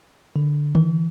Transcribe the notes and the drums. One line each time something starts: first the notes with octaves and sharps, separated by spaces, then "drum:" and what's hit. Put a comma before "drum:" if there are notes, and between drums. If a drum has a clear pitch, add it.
D3
E3, drum: tom D3